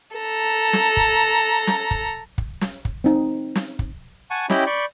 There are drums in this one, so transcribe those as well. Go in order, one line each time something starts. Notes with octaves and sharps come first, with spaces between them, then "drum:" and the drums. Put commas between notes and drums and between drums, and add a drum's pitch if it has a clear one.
A4 A#5
drum: snare
drum: kick
drum: snare
drum: kick
drum: kick
drum: snare
drum: kick
C4 D#4
drum: snare
drum: kick
F#5 G#5 A5 C#6
C#4 E4 G4 D#5 G5 B5, drum: snare
D5 B5 C#6 G6